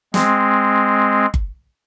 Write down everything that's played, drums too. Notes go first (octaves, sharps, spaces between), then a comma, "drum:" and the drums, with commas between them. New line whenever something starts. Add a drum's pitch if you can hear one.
G#3 C4, drum: snare
drum: kick G1